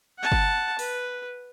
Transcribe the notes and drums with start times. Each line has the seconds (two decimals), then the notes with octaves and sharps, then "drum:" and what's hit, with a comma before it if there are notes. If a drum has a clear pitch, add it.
0.19 F#5 A5
0.32 drum: kick G1
0.79 B4, drum: open hi-hat